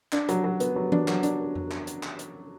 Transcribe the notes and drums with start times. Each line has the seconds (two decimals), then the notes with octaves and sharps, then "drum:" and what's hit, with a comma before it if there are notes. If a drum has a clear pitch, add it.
0.12 D4, drum: clap
0.29 F#3, drum: hi-hat
0.44 F#3
0.60 B3, drum: hi-hat
0.76 F#3
0.92 D4, drum: tom E3
1.08 F#3, drum: clap
1.23 D4, drum: hi-hat
1.55 drum: tom F2
1.71 drum: clap
1.87 drum: hi-hat
2.03 drum: clap
2.19 drum: hi-hat